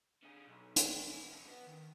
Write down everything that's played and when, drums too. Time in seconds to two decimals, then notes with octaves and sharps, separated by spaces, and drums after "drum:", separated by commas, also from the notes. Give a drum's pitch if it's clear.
0.23 D3 G#4
0.47 B1
0.76 drum: hi-hat
1.05 E2 E4
1.29 C#3 A5
1.47 B3
1.66 D#3